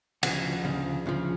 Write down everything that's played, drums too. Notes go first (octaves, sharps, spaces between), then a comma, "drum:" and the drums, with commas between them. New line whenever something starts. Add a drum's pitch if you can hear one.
D2 C#3 F3 F#5, drum: cymbal
D2 C#3 F3
D2 C#3 F3